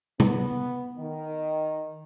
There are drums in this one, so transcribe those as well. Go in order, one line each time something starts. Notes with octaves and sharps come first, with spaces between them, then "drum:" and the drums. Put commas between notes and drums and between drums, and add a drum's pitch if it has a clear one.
B3, drum: tom
D#3